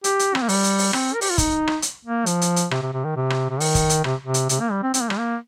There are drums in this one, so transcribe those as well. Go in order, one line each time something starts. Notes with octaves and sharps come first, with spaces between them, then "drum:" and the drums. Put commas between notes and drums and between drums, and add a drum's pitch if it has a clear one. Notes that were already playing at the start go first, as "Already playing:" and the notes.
G4, drum: hi-hat
drum: hi-hat
C4, drum: rim click
A#3
G3, drum: open hi-hat
drum: hi-hat
drum: open hi-hat
C4, drum: rim click
A#4
G4, drum: open hi-hat
F4
D#4, drum: kick, hi-hat
drum: rim click
drum: hi-hat
A#3
F3, drum: hi-hat
drum: hi-hat
drum: hi-hat
C3, drum: rim click
C3
C3
D#3
C3
drum: rim click
C3
D#3, drum: open hi-hat
drum: kick, hi-hat
drum: hi-hat
C3, drum: rim click
C3
drum: hi-hat
C3, drum: hi-hat
A#3
G3
C4
C4, drum: hi-hat
A#3
G3, drum: rim click
A#3